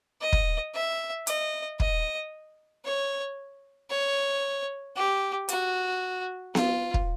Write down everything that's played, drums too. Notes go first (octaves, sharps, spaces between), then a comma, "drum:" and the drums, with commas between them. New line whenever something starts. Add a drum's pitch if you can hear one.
D#5
drum: kick
E5
D#5, drum: hi-hat
D#5, drum: kick
C#5
C#5
G4
F#4, drum: hi-hat
F4, drum: snare B3
drum: kick